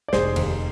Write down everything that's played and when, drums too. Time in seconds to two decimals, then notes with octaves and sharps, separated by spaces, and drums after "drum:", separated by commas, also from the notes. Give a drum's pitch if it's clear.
0.08 D5
0.13 F1 G#4 C5, drum: snare
0.36 D#2, drum: cymbal